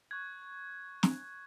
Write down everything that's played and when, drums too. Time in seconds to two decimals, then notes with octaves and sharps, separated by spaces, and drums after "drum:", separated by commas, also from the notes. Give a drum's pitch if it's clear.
0.11 C#6 F#6 G#6
1.03 drum: snare